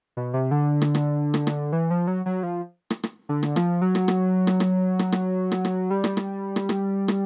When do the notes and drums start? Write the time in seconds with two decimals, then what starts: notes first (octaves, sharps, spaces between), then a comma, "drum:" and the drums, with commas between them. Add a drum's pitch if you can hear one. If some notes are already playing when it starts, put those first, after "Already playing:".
0.17 B2
0.34 C3
0.51 D3
0.81 drum: rim click
0.95 drum: rim click
1.34 drum: rim click
1.47 drum: rim click
1.72 E3
1.91 F3
2.07 F#3
2.26 F#3
2.43 F3
2.90 drum: rim click
3.03 drum: rim click
3.29 D3
3.43 drum: rim click
3.56 F3, drum: rim click
3.82 F#3
3.95 drum: rim click
4.08 drum: rim click
4.47 drum: rim click
4.60 drum: rim click
4.99 drum: rim click
5.12 drum: rim click
5.52 drum: rim click
5.65 drum: rim click
5.90 G3
6.04 drum: rim click
6.17 drum: rim click
6.56 drum: rim click
6.69 drum: rim click
7.08 drum: rim click